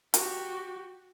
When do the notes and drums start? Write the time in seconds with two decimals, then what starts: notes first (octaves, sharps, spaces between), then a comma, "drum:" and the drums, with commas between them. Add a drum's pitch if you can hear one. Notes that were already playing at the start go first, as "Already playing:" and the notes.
0.14 F#4 G4, drum: hi-hat